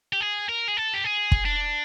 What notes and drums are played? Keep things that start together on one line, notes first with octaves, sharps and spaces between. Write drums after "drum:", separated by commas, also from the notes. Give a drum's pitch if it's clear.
G4
G#4
A#4
G#4
A4
G4
G#4
drum: kick
D4